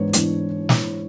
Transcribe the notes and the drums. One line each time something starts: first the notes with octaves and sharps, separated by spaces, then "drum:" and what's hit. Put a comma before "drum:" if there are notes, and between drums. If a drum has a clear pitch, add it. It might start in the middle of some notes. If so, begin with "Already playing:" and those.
Already playing: G#2 E3 B3 D4 C#5
G#2 E3 B3 D4, drum: hi-hat
drum: snare